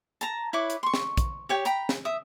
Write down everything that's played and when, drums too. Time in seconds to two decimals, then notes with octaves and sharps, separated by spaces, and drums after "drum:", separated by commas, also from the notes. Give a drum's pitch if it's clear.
0.21 A5 A#5, drum: hi-hat
0.53 E4 B4 C#5 D6
0.70 drum: hi-hat
0.83 C6 C#6
0.94 drum: snare
1.17 drum: kick, hi-hat
1.49 G4 C#5 G5
1.65 G5 A#5 B5, drum: hi-hat
1.89 drum: snare
2.05 E5 D#6